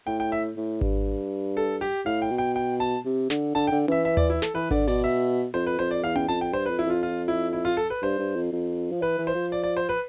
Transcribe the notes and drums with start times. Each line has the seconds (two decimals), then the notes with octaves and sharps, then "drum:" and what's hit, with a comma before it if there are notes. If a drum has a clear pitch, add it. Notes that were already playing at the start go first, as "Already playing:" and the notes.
0.07 A2 G5
0.20 G5
0.32 E5
0.57 A2
0.81 G2, drum: kick G#1
1.57 A4
1.81 G4
2.06 A2 F5
2.22 G5
2.31 B2
2.38 G5
2.56 G5
2.80 A5
3.06 C3
3.30 D3, drum: snare
3.55 D3 A5
3.67 G5
3.72 D3
3.88 E3 E5, drum: tom C#4
4.05 E5
4.17 D5, drum: tom D#2
4.30 E4
4.42 A4, drum: snare
4.55 E3 B4
4.71 D3 D5, drum: kick G#1
4.88 B2 D5, drum: open hi-hat
5.04 E5
5.54 F2 C5
5.67 B4
5.79 F2 C5
5.91 D5
6.04 E2 F5
6.16 G5, drum: tom C#4
6.28 F2 A5
6.41 G5
6.53 G2 C5
6.66 B4
6.70 F2
6.79 E4
6.86 F2 F4
7.03 F4
7.28 E4
7.53 E4
7.65 F4
7.77 A4
7.90 B4
8.02 G2 C5
8.19 G2
8.36 F2
8.52 F2
8.92 F3
9.02 E3 B4
9.18 E3
9.27 C5
9.35 F3
9.52 D5
9.64 D5
9.77 C5
9.89 B4